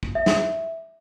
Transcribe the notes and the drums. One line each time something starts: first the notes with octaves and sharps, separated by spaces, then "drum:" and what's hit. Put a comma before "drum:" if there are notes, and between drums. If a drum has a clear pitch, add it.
drum: kick
E5
drum: snare